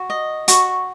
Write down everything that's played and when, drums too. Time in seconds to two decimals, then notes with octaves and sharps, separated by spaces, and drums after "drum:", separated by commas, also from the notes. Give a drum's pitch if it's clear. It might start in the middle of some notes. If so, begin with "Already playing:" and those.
Already playing: F#4
0.10 D#5
0.48 F#4 C#6, drum: hi-hat